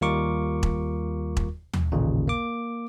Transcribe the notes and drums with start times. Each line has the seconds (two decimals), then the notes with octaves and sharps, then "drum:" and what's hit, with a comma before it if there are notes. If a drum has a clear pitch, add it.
0.01 D#2 G3 F4 A#4 C#6 D6
0.63 drum: kick E1
1.37 drum: kick E1
1.74 drum: tom D#2
1.92 A1 D#2 A#2 C#3
2.28 A#3 D6